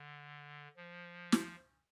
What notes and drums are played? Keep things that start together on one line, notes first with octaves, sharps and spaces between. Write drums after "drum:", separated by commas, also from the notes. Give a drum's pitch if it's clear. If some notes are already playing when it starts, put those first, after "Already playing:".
Already playing: D3
F3
drum: snare